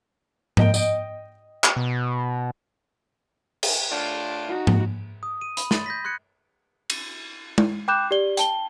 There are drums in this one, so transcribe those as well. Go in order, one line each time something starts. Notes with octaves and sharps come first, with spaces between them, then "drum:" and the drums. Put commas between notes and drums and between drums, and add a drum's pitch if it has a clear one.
A#4 D#5 G5, drum: tom G#2
D#5 G5, drum: tambourine
drum: clap
B2
drum: cymbal
A2 D4 F4
D#4 F#4
drum: tom G#2
D#6
D#7
B5, drum: hi-hat
C6 A6, drum: snare
G6 A#6 B6
C6 F#6 G#6 C#7
drum: cymbal
drum: tom G#3
G5 B5 D6 F#6 G6 E7
G4 D5 G7
G5 A5 G7, drum: hi-hat